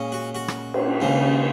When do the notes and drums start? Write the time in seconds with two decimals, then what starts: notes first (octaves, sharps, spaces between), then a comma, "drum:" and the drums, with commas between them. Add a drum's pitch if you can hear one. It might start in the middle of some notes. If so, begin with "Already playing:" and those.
Already playing: A#2 G#3 C#4
0.12 F#4
0.35 F#4
0.48 drum: rim click
0.74 drum: cymbal
1.00 D#2 C#3 G#3